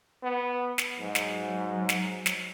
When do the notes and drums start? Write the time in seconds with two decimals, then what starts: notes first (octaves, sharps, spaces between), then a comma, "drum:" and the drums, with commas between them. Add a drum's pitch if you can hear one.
0.23 B3
0.78 drum: snare
1.00 G#2 F#3
1.15 drum: snare
1.89 drum: snare
2.26 drum: snare